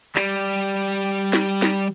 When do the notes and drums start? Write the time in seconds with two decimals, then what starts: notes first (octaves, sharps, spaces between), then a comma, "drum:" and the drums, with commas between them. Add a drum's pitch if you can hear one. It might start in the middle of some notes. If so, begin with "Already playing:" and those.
0.15 G3, drum: clap
1.33 drum: snare
1.62 drum: snare